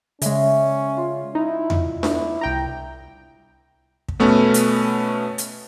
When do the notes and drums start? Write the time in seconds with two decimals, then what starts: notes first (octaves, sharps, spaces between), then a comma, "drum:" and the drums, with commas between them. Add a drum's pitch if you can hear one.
0.22 C#3 G#3 C#4 D5 E5, drum: hi-hat
0.97 F4
1.35 D#4 E4
1.70 drum: tom E2
2.03 B3 E4 D6, drum: snare D4
2.41 C2 G5 A#5
4.09 drum: kick
4.19 B2 A3 B3 C#4
4.54 drum: hi-hat
5.38 drum: hi-hat